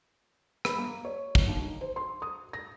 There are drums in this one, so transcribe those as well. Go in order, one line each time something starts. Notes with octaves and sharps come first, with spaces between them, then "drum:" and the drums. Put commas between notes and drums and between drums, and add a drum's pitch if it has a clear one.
B5, drum: rim click
A#3
C#5
drum: kick
D#2
D#3
C5
C6
D#6
A#6